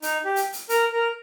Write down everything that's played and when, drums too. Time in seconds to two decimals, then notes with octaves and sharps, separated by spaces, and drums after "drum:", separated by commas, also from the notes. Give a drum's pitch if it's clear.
0.02 D#4, drum: hi-hat
0.25 G4
0.36 drum: hi-hat
0.53 drum: hi-hat
0.69 A#4, drum: hi-hat
0.92 A#4